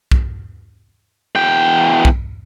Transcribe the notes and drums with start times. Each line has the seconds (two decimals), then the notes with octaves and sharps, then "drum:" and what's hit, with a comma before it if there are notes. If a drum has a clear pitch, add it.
0.12 drum: kick B1
1.35 E2 G5
2.05 drum: kick B1